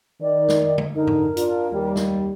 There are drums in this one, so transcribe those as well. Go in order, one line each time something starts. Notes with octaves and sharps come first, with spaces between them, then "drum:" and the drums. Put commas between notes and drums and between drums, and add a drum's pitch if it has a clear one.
D#3 D5
drum: snare
drum: tom D3
D3 D#4 A#4
drum: tom G#2
D4 F4, drum: hi-hat
D#2 G3
drum: snare